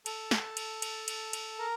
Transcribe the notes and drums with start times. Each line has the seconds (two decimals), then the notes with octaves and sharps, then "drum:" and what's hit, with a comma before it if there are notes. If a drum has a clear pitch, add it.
0.06 A4 A5, drum: cymbal
0.31 drum: snare
0.57 drum: cymbal
0.82 drum: cymbal
1.08 drum: cymbal
1.33 drum: cymbal
1.59 A#4 A#5